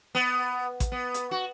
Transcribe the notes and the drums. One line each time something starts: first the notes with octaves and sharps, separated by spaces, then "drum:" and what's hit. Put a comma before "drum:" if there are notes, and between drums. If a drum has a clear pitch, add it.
B3
drum: kick A1, hi-hat
B3
drum: hi-hat
F#4